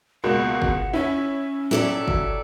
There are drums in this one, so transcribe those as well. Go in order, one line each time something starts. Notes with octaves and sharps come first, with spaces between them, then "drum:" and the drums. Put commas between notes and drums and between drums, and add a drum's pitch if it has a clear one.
C#2 B2 A#3 F#5
drum: kick
C#4 E4 C#5
F#3 E4 G4 A4 D5
drum: kick